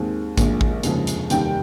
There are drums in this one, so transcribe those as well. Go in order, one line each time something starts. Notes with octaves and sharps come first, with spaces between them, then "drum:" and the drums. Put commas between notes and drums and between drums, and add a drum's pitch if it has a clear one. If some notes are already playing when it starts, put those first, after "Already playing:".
Already playing: D#2 D#3 G#3 C4
A#1 A#2 G#3, drum: kick A1, hi-hat
drum: kick A1
F1 D#2 C#3 F3 G#3, drum: hi-hat
drum: hi-hat
F1 D#2 D#3 G3 G5, drum: hi-hat